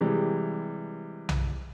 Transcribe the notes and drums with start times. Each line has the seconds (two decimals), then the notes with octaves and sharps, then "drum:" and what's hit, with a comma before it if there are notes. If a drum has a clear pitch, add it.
0.01 C3 E3 G3 G#3
1.29 drum: tom B1